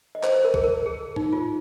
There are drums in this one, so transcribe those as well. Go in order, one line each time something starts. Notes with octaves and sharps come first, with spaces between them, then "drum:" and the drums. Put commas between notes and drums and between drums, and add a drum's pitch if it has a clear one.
D#5
C5, drum: clap
C5
A#4
G#4, drum: kick
A#4
G#4
D#4, drum: tom G#2
F4